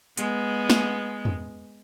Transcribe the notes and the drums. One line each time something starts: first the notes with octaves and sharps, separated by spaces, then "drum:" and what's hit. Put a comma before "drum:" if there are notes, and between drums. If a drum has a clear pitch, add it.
G#3 B3, drum: hi-hat
drum: snare
drum: tom